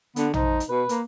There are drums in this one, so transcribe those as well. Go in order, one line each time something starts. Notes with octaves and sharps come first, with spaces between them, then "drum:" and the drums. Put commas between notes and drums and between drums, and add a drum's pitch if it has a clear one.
D3 B3, drum: hi-hat
F3 D#4, drum: tom
drum: hi-hat
B2 B4
A#3, drum: hi-hat